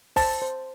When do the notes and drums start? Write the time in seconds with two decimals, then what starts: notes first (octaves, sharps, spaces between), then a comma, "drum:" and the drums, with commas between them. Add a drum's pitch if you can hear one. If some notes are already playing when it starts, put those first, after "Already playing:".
0.16 C5 A5, drum: kick, open hi-hat
0.42 C5